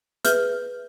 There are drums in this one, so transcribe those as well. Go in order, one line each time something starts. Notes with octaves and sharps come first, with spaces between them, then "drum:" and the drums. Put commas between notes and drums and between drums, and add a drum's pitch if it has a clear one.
G#4 B4 E5 F6 G6, drum: hi-hat